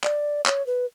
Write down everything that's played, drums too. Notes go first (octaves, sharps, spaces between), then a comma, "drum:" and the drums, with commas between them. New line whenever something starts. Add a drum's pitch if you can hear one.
D5, drum: clap
C#5, drum: clap
B4